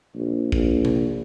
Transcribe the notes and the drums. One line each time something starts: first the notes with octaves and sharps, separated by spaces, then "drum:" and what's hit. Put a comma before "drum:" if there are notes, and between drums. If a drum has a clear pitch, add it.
A#1
A#1, drum: kick
drum: tom C3